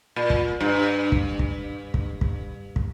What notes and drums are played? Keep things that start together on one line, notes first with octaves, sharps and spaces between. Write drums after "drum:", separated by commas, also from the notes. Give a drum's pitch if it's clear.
A#2
drum: kick
G2
drum: kick
drum: kick
drum: kick
drum: kick
drum: kick